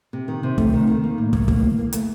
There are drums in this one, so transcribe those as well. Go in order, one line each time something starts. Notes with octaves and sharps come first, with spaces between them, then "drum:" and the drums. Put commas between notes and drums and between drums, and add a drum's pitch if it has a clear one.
C3
D#3
C3
A3, drum: kick
D#3
D#3
A#3
A2
A2, drum: kick
A#3, drum: kick
A#3
A#3
A3, drum: hi-hat